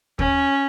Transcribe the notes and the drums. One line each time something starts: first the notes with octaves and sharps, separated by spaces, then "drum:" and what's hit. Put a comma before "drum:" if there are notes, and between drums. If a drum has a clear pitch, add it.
C#4, drum: kick D#2